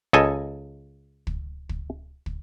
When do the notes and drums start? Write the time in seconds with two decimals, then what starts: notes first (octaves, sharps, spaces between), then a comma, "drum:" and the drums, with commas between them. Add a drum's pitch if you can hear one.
0.13 C#2 A4 D#5 G#5
1.27 drum: kick
1.69 drum: kick
2.26 drum: kick